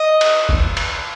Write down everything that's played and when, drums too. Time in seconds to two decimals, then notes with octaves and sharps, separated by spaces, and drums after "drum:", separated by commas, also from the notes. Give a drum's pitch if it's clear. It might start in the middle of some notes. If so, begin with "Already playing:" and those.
Already playing: D#5
0.21 drum: cymbal
0.49 drum: kick
0.77 drum: cymbal